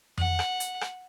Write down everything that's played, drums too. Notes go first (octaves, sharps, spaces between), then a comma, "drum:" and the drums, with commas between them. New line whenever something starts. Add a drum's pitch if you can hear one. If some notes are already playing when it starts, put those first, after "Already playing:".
F#5, drum: tom F2
drum: rim click
drum: hi-hat
drum: rim click